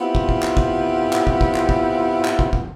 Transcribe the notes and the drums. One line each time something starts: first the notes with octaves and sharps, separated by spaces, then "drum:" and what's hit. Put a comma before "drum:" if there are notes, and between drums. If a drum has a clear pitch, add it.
B3 C4 E4 F4 G4
drum: kick
drum: kick
drum: clap
drum: kick
drum: clap
drum: kick
drum: kick
drum: clap
drum: kick
drum: clap
drum: kick
drum: kick